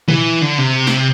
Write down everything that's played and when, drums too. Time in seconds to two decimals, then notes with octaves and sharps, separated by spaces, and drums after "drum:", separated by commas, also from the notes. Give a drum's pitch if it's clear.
0.08 E3, drum: tom A#2
0.42 D3
0.58 C3
0.87 drum: snare